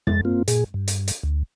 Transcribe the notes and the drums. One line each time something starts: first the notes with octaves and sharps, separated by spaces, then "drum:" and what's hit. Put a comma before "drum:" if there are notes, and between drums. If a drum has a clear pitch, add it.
F2 G#3 A6, drum: tom
A#3 C4 F4
A#2 G#4, drum: hi-hat
G2
drum: hi-hat
drum: hi-hat
D2